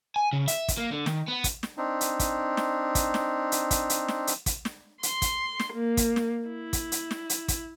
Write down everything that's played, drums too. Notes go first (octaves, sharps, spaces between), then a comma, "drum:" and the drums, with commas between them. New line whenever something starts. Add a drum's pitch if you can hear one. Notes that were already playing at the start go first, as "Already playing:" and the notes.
G#5
C#3
E5, drum: hi-hat
drum: kick, hi-hat
A#3
D3
D#3, drum: snare
B3
drum: kick, hi-hat
drum: snare
C4 D4 D#4
drum: hi-hat
drum: kick, hi-hat
drum: snare
drum: kick, hi-hat
drum: snare
drum: hi-hat
drum: kick, hi-hat
drum: hi-hat
drum: snare
drum: hi-hat
drum: kick, hi-hat
drum: snare
C6, drum: hi-hat
drum: kick, hi-hat
drum: snare
A#3
drum: kick, hi-hat
drum: snare
E4
drum: kick, hi-hat
drum: hi-hat
drum: snare
drum: hi-hat
drum: kick, hi-hat